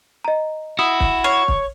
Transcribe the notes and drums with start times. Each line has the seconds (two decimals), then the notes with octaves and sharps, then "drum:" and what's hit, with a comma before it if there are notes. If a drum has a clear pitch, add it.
0.25 D#5 A#5
0.79 E4 F#4 D#6
1.00 drum: kick
1.24 C#5 F6 C7
1.48 drum: kick